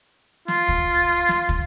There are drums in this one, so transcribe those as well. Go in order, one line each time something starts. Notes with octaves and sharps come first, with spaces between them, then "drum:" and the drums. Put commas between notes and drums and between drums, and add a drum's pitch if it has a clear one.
F4, drum: snare
drum: kick
drum: snare
drum: kick